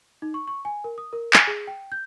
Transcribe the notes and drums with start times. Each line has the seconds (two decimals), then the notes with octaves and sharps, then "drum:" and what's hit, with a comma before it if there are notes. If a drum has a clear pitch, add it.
0.22 D#4
0.34 C#6
0.48 C#6
0.65 G#5
0.84 A#4
0.98 D#6
1.13 A#4
1.33 G#5, drum: clap
1.47 G#4
1.67 G5
1.92 G6